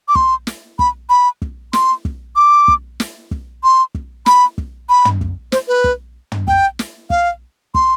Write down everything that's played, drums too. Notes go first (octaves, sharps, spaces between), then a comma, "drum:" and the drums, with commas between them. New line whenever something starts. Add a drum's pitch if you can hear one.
D6
C6, drum: kick
drum: snare
B5, drum: kick
B5
drum: kick
C6, drum: snare
drum: kick
D6
drum: kick
drum: snare
drum: kick
C6
drum: kick
B5, drum: snare
drum: kick
B5
drum: tom
drum: kick
C5, drum: snare
B4
drum: kick
drum: tom
G5, drum: kick
drum: snare
F5, drum: kick
C6, drum: kick